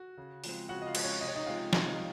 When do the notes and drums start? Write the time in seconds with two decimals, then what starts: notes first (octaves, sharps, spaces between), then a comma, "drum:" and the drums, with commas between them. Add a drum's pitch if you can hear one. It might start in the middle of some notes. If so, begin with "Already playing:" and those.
Already playing: F#4
0.17 C#3
0.44 F3 G#3 C4, drum: open hi-hat
0.69 C#3 F#4 F#5
0.82 D#5
0.87 F4 F5
0.95 F3 G#3 C4, drum: cymbal
1.04 C#4 C#5
1.21 C3 D#5
1.28 C#5
1.35 D#4 D#5
1.47 F3 G#3 C4 F4 F5
1.73 C3 D#4 D#5, drum: snare